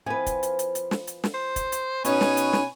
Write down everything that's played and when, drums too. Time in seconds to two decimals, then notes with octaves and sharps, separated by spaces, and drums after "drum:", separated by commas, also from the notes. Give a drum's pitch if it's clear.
0.06 F3 C4 E4 B4 G#5
0.26 drum: kick, hi-hat
0.43 drum: hi-hat
0.59 drum: hi-hat
0.75 drum: hi-hat
0.91 drum: snare
1.07 drum: hi-hat
1.24 drum: snare
1.34 C5
1.56 drum: kick, hi-hat
1.72 drum: hi-hat
2.05 B2 C#4 D#4 B4 C#5 G#5, drum: hi-hat
2.21 drum: snare
2.37 drum: hi-hat
2.53 drum: snare